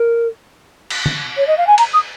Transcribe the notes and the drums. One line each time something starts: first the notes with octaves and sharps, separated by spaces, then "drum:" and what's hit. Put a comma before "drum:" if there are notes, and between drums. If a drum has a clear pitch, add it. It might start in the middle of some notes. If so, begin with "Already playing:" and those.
Already playing: A#4
drum: cymbal
drum: tom
C#5
D#5
F5
G#5
A#5, drum: cymbal
D#6